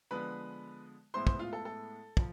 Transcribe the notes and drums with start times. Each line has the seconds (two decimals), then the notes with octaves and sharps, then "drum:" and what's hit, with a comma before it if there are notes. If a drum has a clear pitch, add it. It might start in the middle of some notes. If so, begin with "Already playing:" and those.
0.11 D3 F3 G#3 B3 B4 B5
1.14 A2 G#3 B3 E4 C5 C6
1.27 C5 C6, drum: kick
1.39 F4 F5
1.53 A4
1.65 A4
2.17 F3, drum: kick